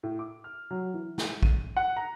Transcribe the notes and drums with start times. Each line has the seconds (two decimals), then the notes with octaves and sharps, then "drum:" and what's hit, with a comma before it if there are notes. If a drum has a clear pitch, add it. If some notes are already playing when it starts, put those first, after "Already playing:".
0.03 A2
0.19 D6
0.44 F6
0.71 F#3
0.94 E3
1.18 drum: snare
1.43 D#7, drum: kick
1.77 F#5
1.97 A#5